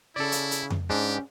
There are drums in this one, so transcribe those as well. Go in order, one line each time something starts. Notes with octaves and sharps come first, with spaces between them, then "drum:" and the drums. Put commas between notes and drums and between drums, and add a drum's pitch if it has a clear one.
C#3 E4 A4 D5
drum: hi-hat
drum: hi-hat
drum: tom F2
G#2 C#4 D4 G4